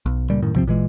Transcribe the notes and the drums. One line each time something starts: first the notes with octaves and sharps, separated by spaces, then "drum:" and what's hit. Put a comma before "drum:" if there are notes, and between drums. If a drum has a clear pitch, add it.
B1
C#2 A#2 G3
F#2 A2 D#3
C3 F3 C4, drum: kick
A#2 E3 G#3